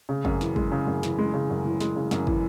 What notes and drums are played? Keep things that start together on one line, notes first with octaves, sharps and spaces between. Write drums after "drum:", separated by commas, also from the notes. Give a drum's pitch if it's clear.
C#3
F#2, drum: kick
E3, drum: snare
G#3, drum: kick
C#3
F#2
E3, drum: snare
G#3
C#3
F#2
E3
G#3, drum: snare
C#3
F#2, drum: snare
E3, drum: kick